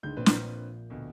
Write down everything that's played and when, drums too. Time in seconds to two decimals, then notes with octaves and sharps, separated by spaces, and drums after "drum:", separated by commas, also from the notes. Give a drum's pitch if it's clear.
0.03 C#2 D3 D#3 G#3 G6
0.17 A#1 A#2 C4 D4 B4
0.26 drum: snare
0.90 D2 B2